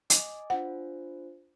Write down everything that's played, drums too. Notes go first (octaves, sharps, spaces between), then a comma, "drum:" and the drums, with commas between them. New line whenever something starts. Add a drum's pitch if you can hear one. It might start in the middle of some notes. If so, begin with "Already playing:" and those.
D#5 G#5 D6, drum: hi-hat
D4 F4 C5 F#5